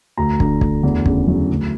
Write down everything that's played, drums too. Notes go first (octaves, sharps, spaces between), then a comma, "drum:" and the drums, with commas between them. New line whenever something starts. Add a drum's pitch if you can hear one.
D2 A#5
D3, drum: kick
D2, drum: kick
E2
C#3, drum: kick
F#3
D2